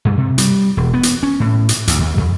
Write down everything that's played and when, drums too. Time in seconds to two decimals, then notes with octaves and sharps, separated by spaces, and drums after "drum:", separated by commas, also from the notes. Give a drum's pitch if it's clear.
0.05 G2
0.18 C3
0.38 G3, drum: hi-hat
0.77 E1
0.94 B3
1.03 drum: hi-hat
1.23 C#4
1.40 A2
1.69 drum: hi-hat
1.88 D2, drum: hi-hat
1.99 D#2
2.18 F2